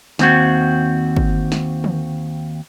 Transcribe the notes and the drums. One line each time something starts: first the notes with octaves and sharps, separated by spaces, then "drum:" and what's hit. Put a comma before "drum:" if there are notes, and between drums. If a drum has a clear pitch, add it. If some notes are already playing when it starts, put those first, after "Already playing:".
D#2 C4 F#4, drum: snare
drum: kick
drum: snare
drum: tom